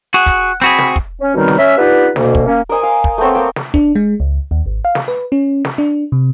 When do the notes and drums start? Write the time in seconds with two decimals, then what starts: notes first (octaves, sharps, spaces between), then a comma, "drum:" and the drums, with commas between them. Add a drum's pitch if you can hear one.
0.14 F#4 G#4 F#5
0.26 drum: kick
0.62 C4 F#4 G#4 B5
0.78 drum: snare
0.96 drum: kick
1.21 C#4
1.35 F#2 B2 D#3 G3 C4 D#4
1.48 drum: snare
1.58 C#4 E5
1.78 B3 D4 D#4 F4 G4 B4
2.16 D2 B2 A#3, drum: snare
2.35 drum: kick
2.47 A#3 C#4
2.69 A#4 C5 D#5 G#5
2.83 F5
3.04 drum: kick
3.18 A3 B3 C4 C#5
3.35 A#3 G5
3.56 drum: snare
3.74 D4, drum: kick
3.95 G#3
4.20 C#2
4.51 D#2
4.66 G#1
4.85 F5
4.95 drum: snare
5.08 B4
5.32 C#4
5.65 drum: snare
5.78 D4
6.12 C3